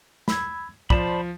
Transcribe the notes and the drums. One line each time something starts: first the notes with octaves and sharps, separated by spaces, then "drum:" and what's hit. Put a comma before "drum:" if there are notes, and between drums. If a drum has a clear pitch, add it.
B5 E6 G#6, drum: snare
F3 C5 D5 A5 B5, drum: kick